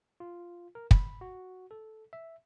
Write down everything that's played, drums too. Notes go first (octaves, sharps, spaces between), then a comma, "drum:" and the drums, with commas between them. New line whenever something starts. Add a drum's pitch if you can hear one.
F4
A#4
B5, drum: kick
F#4
A4
E5